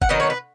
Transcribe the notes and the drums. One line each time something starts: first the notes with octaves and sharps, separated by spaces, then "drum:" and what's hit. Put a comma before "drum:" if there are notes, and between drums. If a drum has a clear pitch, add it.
F#5, drum: kick
D#3 F#3 B3 D#5
C#5
B4